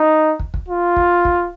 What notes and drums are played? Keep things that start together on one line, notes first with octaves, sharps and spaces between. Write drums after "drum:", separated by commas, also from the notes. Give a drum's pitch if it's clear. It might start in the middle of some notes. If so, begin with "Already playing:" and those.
Already playing: D#4
drum: kick
drum: kick
F4
drum: kick
drum: kick